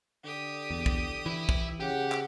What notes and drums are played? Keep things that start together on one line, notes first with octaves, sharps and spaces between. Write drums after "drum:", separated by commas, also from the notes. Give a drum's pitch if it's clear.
D3 G4 D#6
E2
drum: kick
E3 E4
drum: kick
C#3 G4 F#5
drum: clap